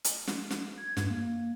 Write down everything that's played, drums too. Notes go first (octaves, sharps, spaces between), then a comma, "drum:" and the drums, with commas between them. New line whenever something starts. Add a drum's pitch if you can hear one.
drum: hi-hat
drum: snare
drum: snare
G#6
G2, drum: snare
A#3